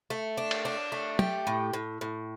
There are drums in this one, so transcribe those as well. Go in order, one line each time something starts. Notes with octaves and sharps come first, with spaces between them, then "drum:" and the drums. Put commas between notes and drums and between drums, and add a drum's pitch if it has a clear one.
A3
D4
drum: cymbal
D4
A3
G4, drum: tom
A2
A2
A2